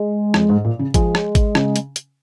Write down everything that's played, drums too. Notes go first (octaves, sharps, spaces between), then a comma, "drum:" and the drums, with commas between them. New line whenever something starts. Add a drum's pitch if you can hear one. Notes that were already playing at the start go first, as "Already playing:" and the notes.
Already playing: G#3
F2, drum: rim click
G#2
A#2
C#3
F3 G#3, drum: kick G#1, hi-hat
drum: rim click
drum: kick G#1, hi-hat
C#3, drum: rim click
drum: hi-hat
drum: hi-hat